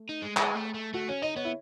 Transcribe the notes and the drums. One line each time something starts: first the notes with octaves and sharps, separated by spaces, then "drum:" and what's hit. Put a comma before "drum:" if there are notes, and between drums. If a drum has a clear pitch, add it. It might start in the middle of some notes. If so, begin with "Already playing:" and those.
Already playing: A3
D#4
G#3
G#3 G#4, drum: clap
A3
A3
A3 F#4
C#4 C#5
D#4 D#5
B3 C#5
E4